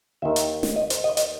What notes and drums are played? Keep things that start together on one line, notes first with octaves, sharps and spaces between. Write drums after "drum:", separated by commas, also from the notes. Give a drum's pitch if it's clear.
D#2 D#3 E5
drum: hi-hat
drum: snare
D#5
C5, drum: hi-hat
D#5
D#5, drum: hi-hat